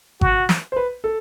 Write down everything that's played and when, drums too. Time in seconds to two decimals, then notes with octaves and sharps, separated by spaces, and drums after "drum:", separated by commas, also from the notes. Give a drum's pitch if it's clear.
0.21 F#4 F#5, drum: kick G#1
0.49 drum: snare
0.72 C5
0.76 B4
1.04 A4